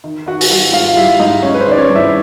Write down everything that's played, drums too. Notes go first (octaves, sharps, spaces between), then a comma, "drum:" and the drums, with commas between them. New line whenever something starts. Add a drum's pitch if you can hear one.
D#3
D#3 F#4 F#5
drum: open hi-hat
G3 F4 F5
G#2 F4 F5
F5
G3 E4 E5
G#2 D#4 D#5
G#3 C#4 C#5
B4
C5
D#3 D5
C#4 C#5
G2
E4 E5